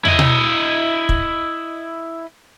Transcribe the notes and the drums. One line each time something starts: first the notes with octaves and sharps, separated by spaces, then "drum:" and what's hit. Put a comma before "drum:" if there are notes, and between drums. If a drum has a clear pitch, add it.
E4 D#5, drum: tom
drum: tom B2
drum: kick